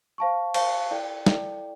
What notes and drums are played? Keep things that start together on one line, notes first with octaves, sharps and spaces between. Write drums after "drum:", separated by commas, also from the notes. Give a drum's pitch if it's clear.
C5 F5 A5 C#6
C5 F5 A5 C#6, drum: cymbal
E4 A4 D5 G5
E4 A4 D5 G5, drum: snare